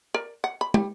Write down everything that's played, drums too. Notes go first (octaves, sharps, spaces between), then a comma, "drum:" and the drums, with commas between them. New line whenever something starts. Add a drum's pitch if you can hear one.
A#4 D5
F#5
B5
G3, drum: tom